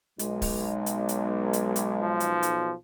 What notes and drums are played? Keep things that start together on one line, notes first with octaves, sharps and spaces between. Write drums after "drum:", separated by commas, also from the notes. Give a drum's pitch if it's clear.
B1 G#3, drum: hi-hat
drum: kick C#1, open hi-hat
drum: hi-hat
drum: hi-hat
drum: hi-hat
drum: hi-hat
F3
drum: hi-hat
drum: hi-hat